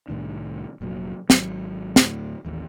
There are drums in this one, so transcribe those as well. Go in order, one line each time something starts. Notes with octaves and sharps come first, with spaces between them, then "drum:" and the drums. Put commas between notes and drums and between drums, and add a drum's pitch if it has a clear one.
C2 A2 D#3 D4
F1 A#2 F#3
G#1 F#3, drum: snare
D2 A2, drum: snare
A1 D#2 E3 A3